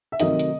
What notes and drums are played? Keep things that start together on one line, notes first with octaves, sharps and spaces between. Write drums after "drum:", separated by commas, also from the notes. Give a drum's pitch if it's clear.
E5
C3 D#3 F#3 A3 D#4 D#5, drum: hi-hat
drum: hi-hat